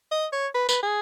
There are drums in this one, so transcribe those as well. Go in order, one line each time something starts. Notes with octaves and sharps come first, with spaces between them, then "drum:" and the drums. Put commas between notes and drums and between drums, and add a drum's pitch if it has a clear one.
D#5
C#5
B4
B4, drum: tambourine
G#4